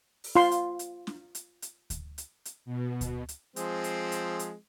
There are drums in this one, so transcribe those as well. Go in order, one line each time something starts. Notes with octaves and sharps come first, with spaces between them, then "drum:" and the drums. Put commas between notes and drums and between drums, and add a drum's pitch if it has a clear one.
drum: open hi-hat
F4 C6
drum: hi-hat
drum: hi-hat
drum: snare
drum: hi-hat
drum: hi-hat
drum: kick D2, hi-hat
drum: hi-hat
drum: hi-hat
B2
drum: kick D2, hi-hat
drum: hi-hat
F3 G#3 C4, drum: hi-hat
drum: hi-hat
drum: hi-hat
drum: hi-hat